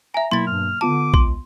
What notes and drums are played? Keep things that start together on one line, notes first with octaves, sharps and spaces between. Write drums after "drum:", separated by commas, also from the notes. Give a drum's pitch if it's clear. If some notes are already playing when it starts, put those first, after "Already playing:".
E5 G#5 A#5
B2 F#3 A#3 E4 C6 A6
G2 F6
D3 B3 F4 A5 D6 D#7
C#2 C6, drum: kick A#1